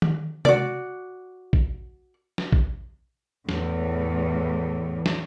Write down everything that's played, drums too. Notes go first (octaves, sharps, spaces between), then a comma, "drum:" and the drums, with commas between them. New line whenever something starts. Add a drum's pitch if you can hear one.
drum: tom D#3
F#4 D5, drum: tom C3
drum: kick
drum: snare
drum: kick
E2 A2, drum: snare
drum: snare